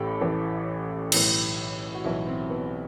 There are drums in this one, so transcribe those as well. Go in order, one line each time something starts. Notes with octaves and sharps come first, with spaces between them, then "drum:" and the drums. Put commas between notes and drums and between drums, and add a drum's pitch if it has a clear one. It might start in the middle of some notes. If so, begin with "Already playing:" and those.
Already playing: A1 A2 E3 G4 A4
A1 A2 E3
B1 A2 E3, drum: cymbal
F#4
B1 A2 E3 E4
C4
B3